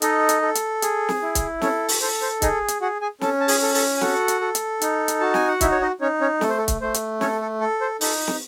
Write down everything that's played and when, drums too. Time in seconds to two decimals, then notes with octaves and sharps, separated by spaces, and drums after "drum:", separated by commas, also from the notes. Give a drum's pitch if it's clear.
0.02 D#4 A4 D#5, drum: hi-hat
0.29 drum: hi-hat
0.42 A4
0.55 drum: hi-hat
0.82 G#4, drum: hi-hat
1.09 drum: snare
1.22 E4
1.35 drum: kick, hi-hat
1.61 C#4 A4 C#5, drum: snare
1.88 drum: open hi-hat
2.01 A4 C5
2.22 C5
2.42 D#4 G#4 D#5, drum: kick, hi-hat
2.68 drum: hi-hat
2.81 F#4 G#4 F#5
3.01 G#4 G#5
3.21 C#4 A4 A5, drum: snare
3.40 A5
3.48 G#4 G#5, drum: open hi-hat
3.62 A4
3.75 A4 A5, drum: open hi-hat
3.97 G#5
4.01 F#4 A4 F#5, drum: snare
4.28 drum: hi-hat
4.41 A4
4.55 drum: hi-hat
4.81 D#4, drum: hi-hat
5.08 drum: hi-hat
5.21 F#4 A5
5.34 G#5, drum: snare
5.47 F#5
5.61 D#4 E4 E5, drum: kick, hi-hat
5.72 C#5
5.81 D#4 D#5
6.01 C#4 D#4 C#5
6.21 C#4 C#5
6.41 A3 A4, drum: snare
6.49 C5
6.58 A4
6.68 drum: kick, hi-hat
6.81 A3 C5
6.94 drum: hi-hat
7.21 C#4 A4 C#5, drum: snare
7.41 A4
7.61 A4
7.81 C5
8.01 D#4 A4, drum: open hi-hat
8.28 drum: snare